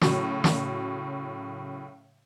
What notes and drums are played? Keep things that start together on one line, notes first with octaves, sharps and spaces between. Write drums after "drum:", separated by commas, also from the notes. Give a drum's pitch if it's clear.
A2 C#3 F#3, drum: snare
drum: snare